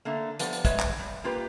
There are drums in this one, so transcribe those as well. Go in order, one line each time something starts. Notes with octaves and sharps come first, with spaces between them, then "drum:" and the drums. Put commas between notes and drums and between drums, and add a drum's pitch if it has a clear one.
D3 A3 A#3
F3 G3 B3 D5, drum: hi-hat
drum: hi-hat
G#3 B4 C#5 E5, drum: kick, hi-hat
drum: clap
G3
A#3 F4 G4 B4